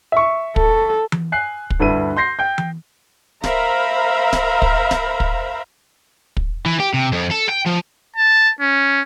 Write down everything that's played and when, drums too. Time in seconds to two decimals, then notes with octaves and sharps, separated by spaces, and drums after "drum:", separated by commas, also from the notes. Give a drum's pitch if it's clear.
0.12 E5 C#6
0.56 A4, drum: kick
1.12 drum: tom E3
1.32 G#5 F#6 C7
1.70 drum: kick
1.80 D2 G2 E4 B4 E5 D#7
2.16 C6 G6 A#6 C7
2.39 G5 G6
2.58 drum: tom E3
3.44 A#4 C5 E5 F5 A#5 B5, drum: snare D1
4.33 drum: snare D1
4.62 drum: kick
4.91 drum: snare D1
5.20 drum: kick
6.37 drum: kick
6.66 E3
6.80 G4
6.94 C3
7.12 F2
7.31 A4
7.49 G5
7.66 F3
8.16 A5
8.61 C#4